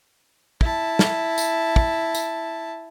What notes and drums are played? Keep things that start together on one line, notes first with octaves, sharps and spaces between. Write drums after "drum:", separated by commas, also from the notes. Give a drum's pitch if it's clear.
E4 A5, drum: kick
drum: snare
drum: tambourine
drum: kick
drum: tambourine